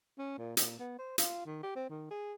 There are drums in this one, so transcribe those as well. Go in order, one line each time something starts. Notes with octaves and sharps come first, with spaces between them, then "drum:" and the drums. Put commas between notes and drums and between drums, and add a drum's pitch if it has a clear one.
C#4
A#2
A#2, drum: hi-hat
B3
C5
F4, drum: hi-hat
D#3
G4
C4
D#3
G#4